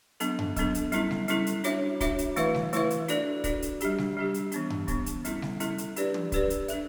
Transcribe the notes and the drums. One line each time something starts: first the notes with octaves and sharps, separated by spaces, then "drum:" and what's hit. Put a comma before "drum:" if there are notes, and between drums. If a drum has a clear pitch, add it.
F#3 B3 D4 A4, drum: hi-hat
drum: tom F#2
F#3 B3 D4 A4, drum: kick, hi-hat
drum: hi-hat
G3 C#4 E4 A4, drum: hi-hat
drum: snare G3
G3 C#4 E4 A4, drum: hi-hat
drum: hi-hat
D4 F#4 C#5 E5, drum: hi-hat
D4 F#4 C#5 E5, drum: kick, hi-hat
drum: hi-hat
E3 A3 E4 B4 E5, drum: hi-hat
drum: snare G3
E3 A3 E4 B4 E5, drum: hi-hat
drum: hi-hat
D4 F#4 A4 D5, drum: hi-hat
D4 F#4 A4 D5, drum: kick, hi-hat
drum: hi-hat
G3 D4 G4, drum: hi-hat
drum: snare G3
G3 D4 G4
drum: hi-hat
E3 B3 D4, drum: hi-hat
drum: tom F#2
E3 B3 D4, drum: kick, hi-hat
drum: hi-hat
G3 C#4 E4 A4, drum: hi-hat
drum: snare G3
G3 C#4 E4 A4, drum: hi-hat
drum: hi-hat
D4 G4 B4 D5, drum: hi-hat
drum: tom
D4 G4 B4 D5, drum: kick, hi-hat
drum: hi-hat
D4 A4 E5, drum: hi-hat